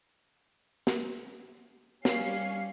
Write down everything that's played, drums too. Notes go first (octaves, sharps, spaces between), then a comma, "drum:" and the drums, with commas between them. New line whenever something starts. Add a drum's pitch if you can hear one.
drum: snare
G3 C#4 F5 C7, drum: snare